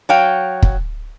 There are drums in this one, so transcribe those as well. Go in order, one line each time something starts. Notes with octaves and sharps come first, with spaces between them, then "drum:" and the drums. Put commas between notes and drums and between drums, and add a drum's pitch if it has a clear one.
F#3 C#5 F5 G5
drum: kick